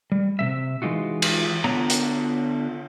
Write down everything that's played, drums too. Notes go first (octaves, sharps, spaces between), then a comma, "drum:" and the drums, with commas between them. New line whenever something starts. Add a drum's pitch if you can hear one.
G3
C3 G3 E5
E3 G#3 D#4 F4 F#4
drum: cymbal
D3 B3 D4 F#4 C#5 A#5
drum: hi-hat